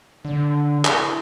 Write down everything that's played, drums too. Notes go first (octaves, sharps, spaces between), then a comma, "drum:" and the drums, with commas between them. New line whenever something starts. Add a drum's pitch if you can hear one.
D3 D4
E4, drum: clap